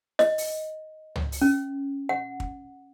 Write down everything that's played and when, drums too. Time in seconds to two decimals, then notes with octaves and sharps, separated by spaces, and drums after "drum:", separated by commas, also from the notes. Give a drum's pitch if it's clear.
0.19 D#5, drum: snare
0.38 drum: open hi-hat
1.16 drum: tom C#2
1.32 drum: open hi-hat
1.42 C#4
2.09 F#5
2.40 drum: kick